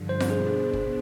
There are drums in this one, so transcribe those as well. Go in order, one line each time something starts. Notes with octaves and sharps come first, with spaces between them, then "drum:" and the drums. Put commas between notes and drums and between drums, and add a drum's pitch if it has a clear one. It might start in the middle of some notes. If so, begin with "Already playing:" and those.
Already playing: G2 D3 F3
C5
drum: snare F4
B2 B3 D4 G#4
drum: kick